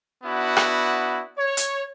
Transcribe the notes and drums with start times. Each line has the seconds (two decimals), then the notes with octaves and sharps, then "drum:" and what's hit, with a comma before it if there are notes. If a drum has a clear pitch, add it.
0.24 B3 D4 E4 F#4
0.56 drum: rim click
1.38 C#5
1.57 drum: hi-hat